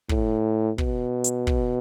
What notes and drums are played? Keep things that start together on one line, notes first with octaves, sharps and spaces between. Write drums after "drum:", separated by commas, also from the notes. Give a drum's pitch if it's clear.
A2, drum: kick
B2, drum: kick
drum: hi-hat
drum: kick